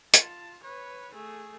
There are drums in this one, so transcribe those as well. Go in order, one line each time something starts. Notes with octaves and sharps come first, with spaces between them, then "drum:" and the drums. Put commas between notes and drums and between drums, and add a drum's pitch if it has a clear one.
F4 A5, drum: hi-hat
B4 C#5
A3 G#4